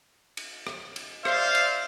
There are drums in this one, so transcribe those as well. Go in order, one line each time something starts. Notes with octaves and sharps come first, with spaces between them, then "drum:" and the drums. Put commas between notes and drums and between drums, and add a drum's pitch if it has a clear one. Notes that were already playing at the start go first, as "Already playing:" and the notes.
drum: cymbal
drum: rim click
drum: cymbal
C5 D5 E5 F5, drum: rim click
drum: cymbal